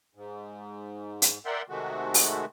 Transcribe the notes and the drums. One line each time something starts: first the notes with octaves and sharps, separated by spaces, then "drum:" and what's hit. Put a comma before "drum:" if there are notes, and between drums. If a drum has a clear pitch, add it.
G#2
drum: hi-hat
A#4 D5 E5 F#5 G5 C6
C3 D#3 G#3 A3 F#4
drum: open hi-hat